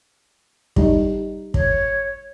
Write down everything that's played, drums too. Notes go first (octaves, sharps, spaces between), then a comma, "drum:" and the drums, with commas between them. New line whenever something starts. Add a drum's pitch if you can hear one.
G3 D#4, drum: kick
C#5, drum: kick